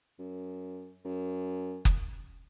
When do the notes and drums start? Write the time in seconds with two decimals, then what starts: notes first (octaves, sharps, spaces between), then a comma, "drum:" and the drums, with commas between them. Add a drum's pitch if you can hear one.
0.19 F#2
1.05 F#2
1.85 drum: kick F#1